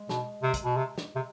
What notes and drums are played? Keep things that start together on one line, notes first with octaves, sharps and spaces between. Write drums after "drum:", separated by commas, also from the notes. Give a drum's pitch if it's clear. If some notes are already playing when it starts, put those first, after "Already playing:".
Already playing: G#3
B2, drum: snare
C3
drum: kick, hi-hat
B2
C3
drum: snare
C3